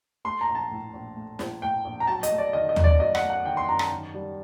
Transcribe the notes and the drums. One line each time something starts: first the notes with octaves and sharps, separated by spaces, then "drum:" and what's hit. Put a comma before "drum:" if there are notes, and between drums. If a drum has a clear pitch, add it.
A3 C6
A#5
A#1
A5
A2
A#1
A3
A#1, drum: snare
A2 G5
A#1
A#5
F#3 A5
D#5, drum: hi-hat
A3
D5
D#3 D#5
D#5
F#2, drum: tom D#2
D5
F#3 D#5
F#5, drum: rim click
A3
F#5
D#3 G5
C6
F#2 A#5
A5, drum: rim click
D#3
G3